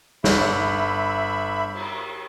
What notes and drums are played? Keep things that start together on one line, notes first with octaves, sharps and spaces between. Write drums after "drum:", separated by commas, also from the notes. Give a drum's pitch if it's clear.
G1 E5 B5, drum: snare
drum: cymbal